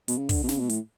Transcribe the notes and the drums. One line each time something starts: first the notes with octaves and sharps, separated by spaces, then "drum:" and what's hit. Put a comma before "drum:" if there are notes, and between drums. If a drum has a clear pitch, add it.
B2, drum: hi-hat
C#3
D3, drum: kick, open hi-hat
B2
C#3, drum: snare
B2
A2, drum: hi-hat